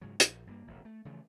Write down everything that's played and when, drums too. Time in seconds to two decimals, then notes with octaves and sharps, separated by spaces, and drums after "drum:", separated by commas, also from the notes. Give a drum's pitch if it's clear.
0.01 G#2 C#3 F#3
0.20 A#1, drum: hi-hat
0.47 G2 A3 A#3
0.67 E1 A1
0.85 A3
1.05 C#3 E3 F3 A3